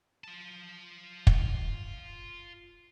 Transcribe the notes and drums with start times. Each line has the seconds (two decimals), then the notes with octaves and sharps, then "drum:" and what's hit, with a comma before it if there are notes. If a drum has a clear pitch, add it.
0.24 F4 A5
1.27 drum: kick